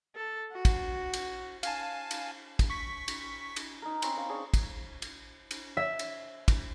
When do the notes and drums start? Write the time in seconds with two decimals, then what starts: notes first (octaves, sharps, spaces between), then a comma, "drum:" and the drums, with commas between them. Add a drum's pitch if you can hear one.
0.15 A4
0.52 F#4
0.65 drum: kick, cymbal
1.13 drum: cymbal
1.63 F5 G#5 A5, drum: cymbal
2.11 drum: cymbal
2.59 drum: kick, cymbal
2.70 C#6 B6
3.08 drum: cymbal
3.56 drum: cymbal
3.82 D#4 A#4
4.02 C4 C#4 B5, drum: cymbal
4.17 A#4 F5
4.29 D4 G#4 C#5
4.54 drum: kick, cymbal
5.02 drum: cymbal
5.51 drum: cymbal
5.77 E5
5.99 drum: cymbal
6.48 drum: kick, cymbal